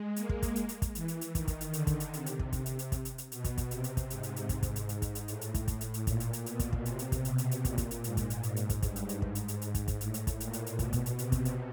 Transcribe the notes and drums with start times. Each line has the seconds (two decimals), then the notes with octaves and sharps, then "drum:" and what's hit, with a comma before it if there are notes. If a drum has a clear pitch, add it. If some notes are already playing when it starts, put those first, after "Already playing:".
Already playing: G#3
0.16 A#3, drum: hi-hat
0.29 drum: kick
0.43 drum: kick, hi-hat
0.56 drum: hi-hat
0.69 drum: hi-hat
0.82 drum: kick, hi-hat
0.95 E3, drum: hi-hat
1.08 drum: hi-hat
1.21 drum: hi-hat
1.35 D#3, drum: kick, hi-hat
1.48 drum: kick, hi-hat
1.61 drum: hi-hat
1.73 D3, drum: hi-hat
1.87 drum: kick, hi-hat
2.00 drum: hi-hat
2.13 C3, drum: hi-hat
2.26 drum: hi-hat
2.39 drum: kick
2.53 drum: kick, hi-hat
2.66 drum: hi-hat
2.79 drum: hi-hat
2.92 drum: kick, hi-hat
3.05 drum: hi-hat
3.18 drum: hi-hat
3.32 B2, drum: hi-hat
3.44 drum: kick, hi-hat
3.58 drum: kick, hi-hat
3.71 C3, drum: hi-hat
3.84 drum: hi-hat
3.97 drum: kick, hi-hat
4.10 G#2, drum: hi-hat
4.23 drum: hi-hat
4.36 drum: hi-hat
4.49 G#2, drum: kick, hi-hat
4.63 drum: kick, hi-hat
4.76 drum: hi-hat
4.89 G#2, drum: hi-hat
5.02 drum: kick, hi-hat
5.15 drum: hi-hat
5.28 A2, drum: hi-hat
5.41 drum: hi-hat
5.54 drum: kick, hi-hat
5.68 drum: kick, hi-hat
5.81 drum: hi-hat
5.94 drum: hi-hat
6.07 A#2, drum: kick, hi-hat
6.20 drum: hi-hat
6.33 drum: hi-hat
6.46 B2, drum: hi-hat
6.59 drum: kick, hi-hat
6.73 drum: kick
6.85 C3, drum: hi-hat
6.99 drum: hi-hat
7.12 drum: kick, hi-hat
7.25 B2, drum: hi-hat
7.38 drum: hi-hat
7.51 drum: hi-hat
7.65 A#2, drum: kick, hi-hat
7.78 drum: kick, hi-hat
7.91 drum: hi-hat
8.04 G#2, drum: hi-hat
8.17 drum: kick, hi-hat
8.30 drum: hi-hat
8.43 G#2, drum: hi-hat
8.56 drum: hi-hat
8.70 drum: kick, hi-hat
8.82 G2, drum: kick, hi-hat
8.96 drum: hi-hat
9.09 drum: hi-hat
9.22 G#2, drum: kick
9.35 drum: hi-hat
9.48 drum: hi-hat
9.62 G#2, drum: hi-hat
9.75 drum: kick, hi-hat
9.88 drum: kick, hi-hat
10.01 A2, drum: hi-hat
10.14 drum: hi-hat
10.27 drum: kick, hi-hat
10.40 A#2, drum: hi-hat
10.53 drum: hi-hat
10.66 drum: hi-hat
10.79 B2, drum: kick, hi-hat
10.93 drum: kick, hi-hat
11.06 drum: hi-hat
11.19 C3, drum: hi-hat
11.32 drum: kick, hi-hat
11.45 drum: hi-hat